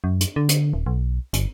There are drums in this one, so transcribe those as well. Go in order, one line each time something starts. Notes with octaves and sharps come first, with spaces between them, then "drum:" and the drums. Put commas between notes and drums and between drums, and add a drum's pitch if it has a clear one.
F#2
drum: hi-hat
D3
drum: hi-hat
D#1
B1
G1, drum: hi-hat